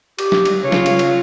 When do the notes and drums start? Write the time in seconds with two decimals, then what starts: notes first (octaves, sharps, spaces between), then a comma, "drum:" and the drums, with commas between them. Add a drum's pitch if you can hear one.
0.19 G4, drum: cymbal
0.32 drum: snare
0.45 drum: cymbal
0.63 C#3 F4 C#5
0.72 drum: snare
0.86 drum: cymbal
0.99 drum: cymbal